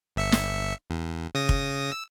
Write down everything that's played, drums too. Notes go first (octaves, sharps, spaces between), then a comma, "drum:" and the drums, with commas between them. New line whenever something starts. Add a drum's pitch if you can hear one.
G1 E5 C#7
drum: snare
E2
C#3 D#6 A#6
drum: kick
E6